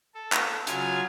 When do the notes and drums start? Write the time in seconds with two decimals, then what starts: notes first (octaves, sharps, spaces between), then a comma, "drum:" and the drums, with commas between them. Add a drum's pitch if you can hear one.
0.15 A4
0.32 drum: clap
0.67 C#3 F#3 F4 G#5 F6 G#6, drum: hi-hat